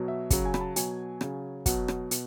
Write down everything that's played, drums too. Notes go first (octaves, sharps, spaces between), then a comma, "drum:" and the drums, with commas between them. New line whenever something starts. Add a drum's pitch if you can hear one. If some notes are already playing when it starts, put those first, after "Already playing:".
Already playing: B2 F#3
E5
C#3 F#3, drum: kick, hi-hat
G#5
B5, drum: rim click
A5
B2 F#3 G#5, drum: hi-hat
C#3 F#3, drum: rim click
B2 F#3 F#5, drum: kick, hi-hat
drum: rim click
B2, drum: hi-hat